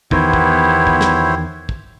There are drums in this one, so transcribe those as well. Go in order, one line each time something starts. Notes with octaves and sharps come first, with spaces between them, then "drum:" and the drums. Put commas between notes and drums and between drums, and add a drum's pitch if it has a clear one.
E2 D#3 F#3 B3 E4 G4 C5 C#5, drum: kick
drum: kick
drum: kick
drum: snare
drum: kick